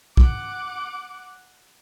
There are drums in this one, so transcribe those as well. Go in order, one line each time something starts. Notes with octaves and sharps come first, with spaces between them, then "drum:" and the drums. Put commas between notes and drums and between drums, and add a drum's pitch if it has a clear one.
F#5 D6, drum: kick